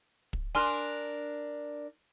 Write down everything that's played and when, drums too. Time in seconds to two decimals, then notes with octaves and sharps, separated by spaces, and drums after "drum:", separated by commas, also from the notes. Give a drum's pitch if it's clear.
0.33 drum: kick
0.55 D4 A#4 G#5 C6 F6